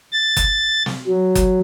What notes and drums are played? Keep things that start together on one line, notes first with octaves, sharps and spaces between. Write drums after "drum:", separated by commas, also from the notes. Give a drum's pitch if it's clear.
A6
drum: kick F#1, hi-hat
drum: snare
F#3
drum: kick F#1, hi-hat